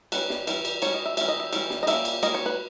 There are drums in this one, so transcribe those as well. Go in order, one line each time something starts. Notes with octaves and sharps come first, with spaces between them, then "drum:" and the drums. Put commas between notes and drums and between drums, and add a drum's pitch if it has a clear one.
D#3 G3 C#4 B4, drum: cymbal
drum: snare
E3 G3 C#4, drum: cymbal
drum: cymbal
E3 G3 C#4 C#5, drum: cymbal
D#5
E5
E3 G3 C#4 E5, drum: cymbal
D#5
E5
E3 G3 C#4, drum: cymbal
drum: snare
D#5
G3 A#3 C#4 E5, drum: cymbal
drum: cymbal
G3 A#3 C#4 D#5, drum: cymbal
C#5
B4